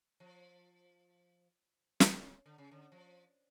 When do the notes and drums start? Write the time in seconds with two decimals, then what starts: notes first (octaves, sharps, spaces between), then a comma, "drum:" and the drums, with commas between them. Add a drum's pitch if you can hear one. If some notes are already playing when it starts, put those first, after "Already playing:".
0.20 F3
2.00 C#3, drum: snare
2.46 D3
2.58 C#3
2.71 D3
2.92 F3